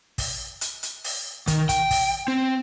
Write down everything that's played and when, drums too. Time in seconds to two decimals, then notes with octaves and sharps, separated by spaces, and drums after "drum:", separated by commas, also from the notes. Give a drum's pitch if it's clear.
0.18 drum: kick, open hi-hat
0.61 drum: hi-hat
0.83 drum: hi-hat
1.04 drum: open hi-hat
1.47 D#3, drum: kick, hi-hat
1.69 G5, drum: kick, hi-hat
1.91 drum: kick, open hi-hat
2.28 C4